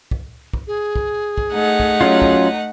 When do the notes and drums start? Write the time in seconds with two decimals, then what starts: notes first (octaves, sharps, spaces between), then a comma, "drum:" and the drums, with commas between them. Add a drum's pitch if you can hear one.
0.11 drum: kick
0.53 drum: kick
0.67 G#4
0.96 drum: kick
1.38 drum: kick
1.53 A3 D#4 F#5
1.80 drum: kick
2.01 F#3 C#4 F4
2.22 drum: kick